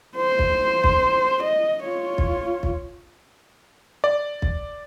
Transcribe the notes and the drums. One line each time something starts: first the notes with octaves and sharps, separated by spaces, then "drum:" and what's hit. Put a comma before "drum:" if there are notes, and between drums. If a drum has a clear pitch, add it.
C5
drum: kick
drum: kick
D#5
F4 C#5
drum: kick
drum: kick
D5
drum: kick